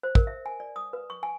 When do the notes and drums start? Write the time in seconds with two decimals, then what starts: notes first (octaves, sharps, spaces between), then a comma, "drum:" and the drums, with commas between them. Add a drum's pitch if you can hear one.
0.03 C5
0.15 A#4, drum: kick
0.27 E5
0.46 G#5
0.60 D5
0.76 D#6
0.93 B4
1.10 C#6
1.23 G#5